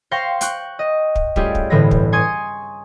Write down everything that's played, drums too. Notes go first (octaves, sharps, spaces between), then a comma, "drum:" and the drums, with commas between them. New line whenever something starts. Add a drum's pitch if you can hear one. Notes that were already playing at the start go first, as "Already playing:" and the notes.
C5 F5 G5 C6 C#6 A#6
G5 C#6 F#6, drum: hi-hat
D#5
drum: kick
G3 A3 C#4 F4 G4 G#4, drum: kick
drum: kick
G1 A2 D3 E3 C4 A#6
drum: kick
G#5 C6 C#6 D#6 G#6